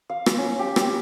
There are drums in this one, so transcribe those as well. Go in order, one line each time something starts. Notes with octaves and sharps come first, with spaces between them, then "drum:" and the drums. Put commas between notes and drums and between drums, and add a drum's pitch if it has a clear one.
F5
drum: rim click
C#4
G4
G5, drum: rim click